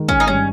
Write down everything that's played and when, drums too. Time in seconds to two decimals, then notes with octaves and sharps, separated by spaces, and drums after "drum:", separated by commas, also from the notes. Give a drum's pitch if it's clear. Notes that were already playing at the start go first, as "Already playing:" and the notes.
Already playing: D#3 G#3
0.09 C#4, drum: kick
0.20 D#4
0.27 G2 C#4